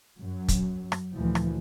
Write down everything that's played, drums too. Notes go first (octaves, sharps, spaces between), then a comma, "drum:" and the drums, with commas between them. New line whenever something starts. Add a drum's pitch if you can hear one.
F#2 F#3
drum: kick, hi-hat
drum: rim click
D2 A#2 E3 F3
drum: rim click